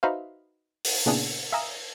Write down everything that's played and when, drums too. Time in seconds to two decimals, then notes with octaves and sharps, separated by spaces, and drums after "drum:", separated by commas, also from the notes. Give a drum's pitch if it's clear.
0.03 D#4 F#4 B4 C5 E5 F5
0.85 drum: open hi-hat
1.06 A#2 C#3 B3 D4 E4 G#4
1.52 E5 F5 G#5 A#5 D#6 E6